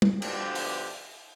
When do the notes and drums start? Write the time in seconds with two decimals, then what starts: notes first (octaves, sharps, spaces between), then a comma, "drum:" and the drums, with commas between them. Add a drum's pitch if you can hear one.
0.02 drum: tom
0.22 D2 G2 B2 D3 F3 G4, drum: cymbal
0.55 drum: open hi-hat